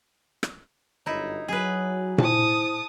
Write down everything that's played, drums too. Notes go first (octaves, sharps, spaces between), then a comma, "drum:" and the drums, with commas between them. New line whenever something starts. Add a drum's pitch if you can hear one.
drum: rim click
G1 F#2 D#4 E4
F#3 G#4 B4
E4 C5 A5 D#6, drum: tom A#2